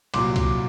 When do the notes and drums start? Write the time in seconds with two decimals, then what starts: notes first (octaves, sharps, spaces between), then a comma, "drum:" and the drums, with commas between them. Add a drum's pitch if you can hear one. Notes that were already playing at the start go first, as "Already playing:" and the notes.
0.14 C2 A#2 F#3 C6 D6, drum: cymbal
0.36 drum: kick C2, cymbal